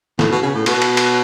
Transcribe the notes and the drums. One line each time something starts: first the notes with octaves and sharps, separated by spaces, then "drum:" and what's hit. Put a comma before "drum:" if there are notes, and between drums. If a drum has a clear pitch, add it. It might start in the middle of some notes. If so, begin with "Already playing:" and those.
A2, drum: snare
B2
C#3
A2
B2, drum: cymbal
drum: cymbal
drum: cymbal